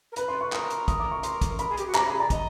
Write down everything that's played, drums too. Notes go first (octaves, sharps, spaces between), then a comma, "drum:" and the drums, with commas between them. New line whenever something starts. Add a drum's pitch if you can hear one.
A#4
B4 B5, drum: hi-hat
C6
C#6
A#4 D#6, drum: clap
drum: hi-hat
D#6, drum: kick, hi-hat
D6
C#6
C6, drum: hi-hat
drum: kick, hi-hat
A#4 B5, drum: hi-hat
G#4
G4, drum: hi-hat
F#4
G4 A#5, drum: clap
G#4 B5
D5 A#5
D#5, drum: kick, hi-hat